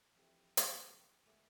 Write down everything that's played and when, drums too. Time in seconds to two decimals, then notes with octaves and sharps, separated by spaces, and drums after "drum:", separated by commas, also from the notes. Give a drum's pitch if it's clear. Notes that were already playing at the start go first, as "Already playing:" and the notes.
0.15 F2 C3 E3
0.57 A#1 D#3 A3 B3 G4 B4, drum: hi-hat
0.80 F2 D#3 G#3 A#3
0.95 G5
1.26 D#2 G#3 A3 B3 E5 D6